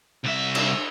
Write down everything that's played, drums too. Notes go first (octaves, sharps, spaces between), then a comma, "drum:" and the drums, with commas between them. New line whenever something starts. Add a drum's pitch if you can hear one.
C2 E5
drum: cymbal